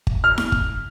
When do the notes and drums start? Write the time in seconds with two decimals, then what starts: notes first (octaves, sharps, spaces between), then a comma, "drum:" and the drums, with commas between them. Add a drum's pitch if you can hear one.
0.07 drum: kick G1
0.24 F6
0.38 drum: snare E4
0.52 drum: kick G1